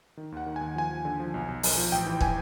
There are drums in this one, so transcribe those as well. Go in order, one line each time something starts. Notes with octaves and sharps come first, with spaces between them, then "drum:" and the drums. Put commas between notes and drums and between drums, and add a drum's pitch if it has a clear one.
D#3
D#2 F#5
D#3
D#2 G#5
F3 G#5
F3
D3
F3
B1
B1
B1, drum: open hi-hat
F3
A1 G5
E3
E3 G#5, drum: kick